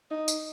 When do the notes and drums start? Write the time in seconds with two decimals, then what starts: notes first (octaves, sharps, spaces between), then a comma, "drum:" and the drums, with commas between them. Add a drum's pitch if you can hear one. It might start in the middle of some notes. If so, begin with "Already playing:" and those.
0.11 D#4
0.28 drum: tambourine